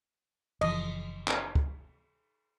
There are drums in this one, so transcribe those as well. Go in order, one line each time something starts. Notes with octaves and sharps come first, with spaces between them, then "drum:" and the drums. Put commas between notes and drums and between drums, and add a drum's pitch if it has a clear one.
F#1 E3 F3 D#5, drum: cymbal
drum: clap
drum: kick